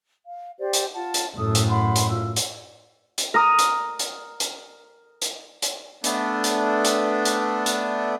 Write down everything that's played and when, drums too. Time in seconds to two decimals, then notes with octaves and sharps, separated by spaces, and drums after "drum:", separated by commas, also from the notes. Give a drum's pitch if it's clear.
0.24 F5
0.59 G4 C5 D5
0.73 drum: hi-hat
0.94 F4 F#5 A5
1.14 drum: hi-hat
1.37 F#2 A2 A4 D#6
1.55 drum: hi-hat
1.69 F#5 B5 C6
1.96 drum: hi-hat
2.09 F4 E6
2.36 drum: hi-hat
3.18 drum: hi-hat
3.34 A#4 A#5 D#6
3.59 drum: hi-hat
3.99 drum: hi-hat
4.40 drum: hi-hat
5.22 drum: hi-hat
5.62 drum: hi-hat
6.04 A3 B3 D4, drum: hi-hat
6.44 drum: hi-hat
6.85 drum: hi-hat
7.25 drum: hi-hat
7.66 drum: hi-hat